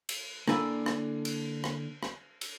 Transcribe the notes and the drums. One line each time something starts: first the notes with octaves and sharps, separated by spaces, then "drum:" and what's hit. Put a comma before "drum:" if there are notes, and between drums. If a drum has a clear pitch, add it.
drum: cymbal
D3 A#3 E4 A4 D5 G#5, drum: rim click
drum: rim click
drum: cymbal
drum: rim click
drum: rim click
drum: cymbal